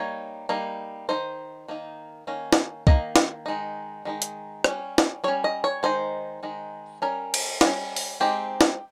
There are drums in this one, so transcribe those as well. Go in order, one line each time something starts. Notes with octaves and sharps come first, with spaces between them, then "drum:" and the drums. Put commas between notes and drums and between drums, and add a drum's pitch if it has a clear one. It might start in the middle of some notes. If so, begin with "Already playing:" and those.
Already playing: G3 A#3 D#4 C#5
G3 A#3 D#4
D#3 A#3 D#4 C5
D#3 A#3 D#4
D#3 A#3 C#4
drum: snare
D#3 A#3 D#5, drum: kick
drum: snare
D#3 G#3 D#4
D#3 G#3 D#4
drum: hi-hat
G3 C#4, drum: rim click
drum: snare
G3 C#4 C#5
D#5
C#5
D#3 G#3 D#4 C5
D#3 G#3 D#4
G3 C#4 A#4
drum: cymbal
G3 C#4, drum: snare
drum: open hi-hat
G#3 C4 D#4 G4
drum: snare